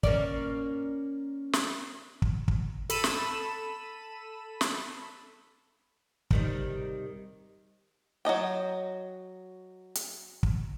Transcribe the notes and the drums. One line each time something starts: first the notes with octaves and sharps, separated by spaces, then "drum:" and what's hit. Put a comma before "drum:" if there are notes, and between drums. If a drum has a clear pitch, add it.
A#3 C#4 D5, drum: kick
drum: snare
drum: kick
drum: kick
A4 B5 D#7 E7, drum: hi-hat
drum: snare
drum: snare
C3 D#3 G3, drum: kick
F#3 D#4 D#5 G5
drum: hi-hat
drum: kick